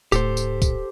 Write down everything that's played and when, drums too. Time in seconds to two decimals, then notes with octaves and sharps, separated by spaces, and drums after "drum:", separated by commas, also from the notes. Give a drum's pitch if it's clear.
0.12 D1 A2 G4 A4 C5, drum: tambourine
0.37 drum: tambourine
0.62 drum: kick B1, tambourine